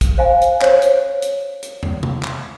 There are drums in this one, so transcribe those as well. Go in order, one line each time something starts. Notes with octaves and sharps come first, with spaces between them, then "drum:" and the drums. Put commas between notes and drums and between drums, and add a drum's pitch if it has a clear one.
drum: kick, hi-hat
C5 F5 G#5
drum: hi-hat
C5 C#5, drum: clap
drum: hi-hat
drum: hi-hat
drum: hi-hat
drum: tom
drum: tom
drum: clap